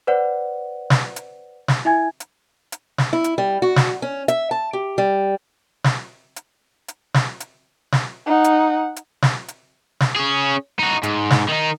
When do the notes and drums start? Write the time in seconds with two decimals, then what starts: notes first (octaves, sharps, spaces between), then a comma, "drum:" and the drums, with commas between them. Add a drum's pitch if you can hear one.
0.07 B4 C5 D5 F#5
0.90 drum: snare
1.16 drum: hi-hat
1.68 drum: snare
1.85 E4 E5 G#5 G#6
2.20 drum: hi-hat
2.72 drum: hi-hat
2.98 drum: snare
3.13 E4
3.24 drum: hi-hat
3.38 G3
3.62 F#4
3.76 drum: snare
4.02 C#4
4.28 E5, drum: hi-hat
4.51 A5
4.73 G4
4.98 G3
5.84 drum: snare
6.36 drum: hi-hat
6.88 drum: hi-hat
7.14 drum: snare
7.40 drum: hi-hat
7.92 drum: snare
8.27 D#4 F#5
8.44 drum: hi-hat
8.96 drum: hi-hat
9.22 drum: snare
9.48 drum: hi-hat
10.00 drum: snare
10.16 C#4 G#4
10.79 D#4 F#4
11.03 G#2, drum: hi-hat
11.30 drum: snare
11.49 D#3 D#4